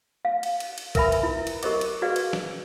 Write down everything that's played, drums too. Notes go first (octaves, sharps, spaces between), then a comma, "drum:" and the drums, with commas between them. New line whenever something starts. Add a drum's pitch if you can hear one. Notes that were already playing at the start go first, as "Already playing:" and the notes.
F5
drum: cymbal
drum: cymbal
drum: cymbal
A#4 B4 E5 G#5 B5, drum: kick, cymbal
drum: cymbal
E4
drum: cymbal
G4 A#4 C5 D#5 D6, drum: cymbal
drum: cymbal
F#4 G#4 B4 D5 F5
drum: cymbal
drum: snare